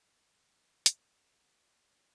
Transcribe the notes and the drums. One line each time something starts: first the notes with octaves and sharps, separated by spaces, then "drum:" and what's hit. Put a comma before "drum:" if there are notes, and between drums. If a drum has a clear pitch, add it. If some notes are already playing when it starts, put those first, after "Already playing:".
A#3
drum: hi-hat
D4